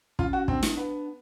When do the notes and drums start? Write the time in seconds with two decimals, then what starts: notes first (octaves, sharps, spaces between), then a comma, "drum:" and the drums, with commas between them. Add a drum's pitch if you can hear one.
0.19 C#4 F4, drum: kick
0.33 F#4
0.48 C4 D4, drum: kick
0.63 drum: snare
0.77 B3